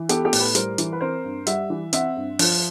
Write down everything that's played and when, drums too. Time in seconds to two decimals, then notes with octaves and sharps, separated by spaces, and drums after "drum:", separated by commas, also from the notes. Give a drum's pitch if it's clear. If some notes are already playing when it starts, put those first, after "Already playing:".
Already playing: E3
0.09 B3 G4 A4, drum: hi-hat
0.25 G4 A4
0.33 A2, drum: open hi-hat
0.40 A4 B4
0.55 G3 A#4 C5, drum: hi-hat
0.78 E3, drum: hi-hat
0.92 B4
1.01 C4 A#4 C5
1.24 G2
1.47 G3 E5 F#5, drum: hi-hat
1.70 E3
1.93 C4 E5 F#5, drum: hi-hat
2.17 G2
2.39 F3, drum: open hi-hat